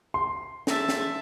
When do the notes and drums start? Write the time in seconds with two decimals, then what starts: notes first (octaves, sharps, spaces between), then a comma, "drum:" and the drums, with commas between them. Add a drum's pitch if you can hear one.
0.14 C6
0.67 E5 A5, drum: snare
0.89 drum: snare